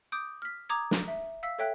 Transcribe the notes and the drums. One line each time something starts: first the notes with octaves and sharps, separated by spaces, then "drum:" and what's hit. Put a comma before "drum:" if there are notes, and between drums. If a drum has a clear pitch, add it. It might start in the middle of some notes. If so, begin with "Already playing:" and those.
D6 D#6 G6 D7
F6 B6
A#5 D6 D#6 G#6
drum: snare
E5
F5 E6 B6
A4 C#5 E5 G5 F#6